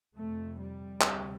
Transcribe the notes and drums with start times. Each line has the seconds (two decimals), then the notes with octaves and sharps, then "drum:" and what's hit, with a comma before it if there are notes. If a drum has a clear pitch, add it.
0.16 F2 C3 A3
0.59 G3
1.01 D2 C3, drum: clap